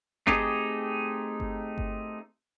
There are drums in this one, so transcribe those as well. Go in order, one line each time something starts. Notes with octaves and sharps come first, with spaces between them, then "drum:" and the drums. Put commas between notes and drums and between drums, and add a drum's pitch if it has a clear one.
A3 C4 D#4 G4 G#4, drum: kick G1
drum: kick G1
drum: kick G1